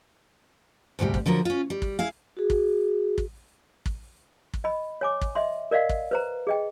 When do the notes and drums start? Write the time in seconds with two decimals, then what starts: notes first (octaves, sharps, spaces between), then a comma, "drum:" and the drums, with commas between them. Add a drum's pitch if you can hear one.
0.99 D2 G#2 C3 G3
1.14 drum: kick
1.26 D3 F3 F#3 A#4
1.45 C#4 F4
1.70 G3
1.82 drum: kick
1.99 E4 G#4 F5
2.37 F#4 G#4
2.50 drum: kick
3.18 drum: kick
3.86 drum: kick
4.54 drum: kick
4.64 D#5 B5
5.01 C#5 G#5 D6
5.21 drum: kick
5.35 D#5 E5 C6
5.71 A#4 D5 D#5 F5 F#5
5.89 drum: kick
6.11 B4 C5 A#5
6.47 G#4 D#5 G5